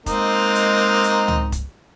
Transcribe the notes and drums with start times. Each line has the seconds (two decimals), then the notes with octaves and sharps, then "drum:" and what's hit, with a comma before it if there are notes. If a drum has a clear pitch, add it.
0.06 G#3 A#3 C4 D#4, drum: kick, hi-hat
0.55 drum: hi-hat
1.04 drum: hi-hat
1.28 drum: tom C#2
1.52 drum: kick, hi-hat